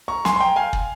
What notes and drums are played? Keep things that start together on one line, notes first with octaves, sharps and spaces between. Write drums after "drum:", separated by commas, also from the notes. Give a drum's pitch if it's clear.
A#5 C#6
G#5 C6, drum: snare
C6
G5 A#5
F5 G#5
drum: kick